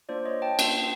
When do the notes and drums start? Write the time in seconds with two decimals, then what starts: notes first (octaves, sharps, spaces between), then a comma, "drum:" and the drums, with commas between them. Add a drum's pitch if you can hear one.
0.09 A#3 D4 F4 C5 D5
0.25 C#5 D#5
0.42 G5 A5
0.59 A#3 D4 F4, drum: cymbal